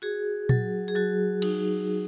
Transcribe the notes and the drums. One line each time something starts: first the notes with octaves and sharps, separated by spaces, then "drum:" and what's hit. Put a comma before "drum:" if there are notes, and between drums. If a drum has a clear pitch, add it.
F#4 G#4
F#3, drum: tom A#2
G#4
F#3 F#4
D#4, drum: cymbal